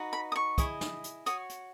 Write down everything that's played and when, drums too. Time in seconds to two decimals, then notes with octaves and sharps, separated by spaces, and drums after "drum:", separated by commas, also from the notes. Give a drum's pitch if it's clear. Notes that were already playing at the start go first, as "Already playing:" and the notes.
Already playing: D#4 F#4 B4
0.13 B5
0.32 D#6
0.36 C#6
0.58 E4 G#4 D#5, drum: kick, hi-hat
0.81 drum: snare
1.04 drum: hi-hat
1.26 F#4 C#5 D#6, drum: hi-hat
1.49 drum: hi-hat